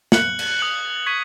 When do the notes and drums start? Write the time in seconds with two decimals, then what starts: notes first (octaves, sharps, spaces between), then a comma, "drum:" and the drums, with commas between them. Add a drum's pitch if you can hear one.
0.12 F#6 C#7 F#7, drum: snare
0.39 drum: cymbal
0.59 D#6 F#6 C#7 F#7
1.06 C#6 G#6 B6 D#7